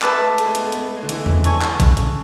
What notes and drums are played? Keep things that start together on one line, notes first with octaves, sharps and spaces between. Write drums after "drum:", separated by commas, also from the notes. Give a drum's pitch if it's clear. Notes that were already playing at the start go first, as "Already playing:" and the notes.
G#3 B4 E5 A5 D6, drum: clap
A3
A3
A3, drum: hi-hat
G#3
B3, drum: hi-hat
A3
B3, drum: hi-hat
A3
G#3
D3
E3, drum: hi-hat
drum: tom E2
A4 C#5 G#5 C#6, drum: hi-hat
drum: clap
D3, drum: kick A#1, hi-hat
C#3, drum: hi-hat